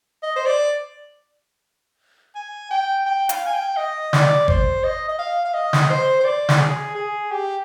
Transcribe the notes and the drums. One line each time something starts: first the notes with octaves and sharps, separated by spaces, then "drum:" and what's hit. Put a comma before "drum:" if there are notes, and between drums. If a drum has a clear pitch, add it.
D#5
C5
D5
G#5
G5
G5
F5, drum: hi-hat
G#5
G5
D#5
D5, drum: snare
C5, drum: kick G#1
D#5
D#5
F5
F5
D#5
drum: snare
C5
C5
D5
drum: snare
G#4
G#4
G4